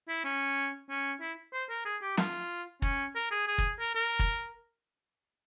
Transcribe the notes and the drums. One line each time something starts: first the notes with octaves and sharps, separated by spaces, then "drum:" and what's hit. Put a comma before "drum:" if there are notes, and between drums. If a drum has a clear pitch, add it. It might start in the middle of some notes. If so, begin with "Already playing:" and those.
E4
C#4
C#4
E4
C5
A#4
G#4
G4
F4, drum: snare
C#4, drum: kick
A#4
G#4
G#4
drum: kick
A#4
A#4
drum: kick